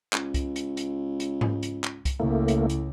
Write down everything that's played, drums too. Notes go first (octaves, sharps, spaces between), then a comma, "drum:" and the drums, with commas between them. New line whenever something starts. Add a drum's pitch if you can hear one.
C#2, drum: clap
drum: kick, hi-hat
drum: hi-hat
drum: hi-hat
drum: hi-hat
drum: tom G#2
drum: hi-hat
drum: clap
drum: kick, hi-hat
C#2 A2 A3 A#3
drum: hi-hat
drum: hi-hat